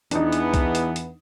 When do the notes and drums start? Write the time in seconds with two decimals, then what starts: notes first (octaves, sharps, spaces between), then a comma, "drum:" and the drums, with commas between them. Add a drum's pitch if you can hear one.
0.11 E2 E3 B3 D4 D#4, drum: hi-hat
0.32 drum: hi-hat
0.54 drum: kick C2, hi-hat
0.75 drum: hi-hat
0.96 drum: hi-hat